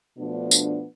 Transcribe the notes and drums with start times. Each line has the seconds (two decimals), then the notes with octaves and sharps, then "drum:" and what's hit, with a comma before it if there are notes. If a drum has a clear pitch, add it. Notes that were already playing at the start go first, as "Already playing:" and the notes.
0.18 B2 F3 A3 B3 D4
0.51 drum: tambourine